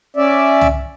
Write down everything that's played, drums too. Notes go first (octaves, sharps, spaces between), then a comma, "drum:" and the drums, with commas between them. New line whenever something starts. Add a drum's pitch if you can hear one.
C#4 D5 E5
drum: tom